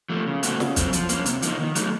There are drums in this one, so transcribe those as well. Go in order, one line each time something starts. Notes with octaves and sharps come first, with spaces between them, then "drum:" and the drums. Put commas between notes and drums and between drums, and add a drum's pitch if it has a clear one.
F3 A3
C#3
A3 C4 F#4, drum: hi-hat
C#3, drum: snare
F#3 C4, drum: kick, hi-hat
F3, drum: hi-hat
A#3 C#4, drum: hi-hat
C3, drum: hi-hat
F3 A#3 D#4, drum: hi-hat
D#3
F#3 A3 D#4, drum: hi-hat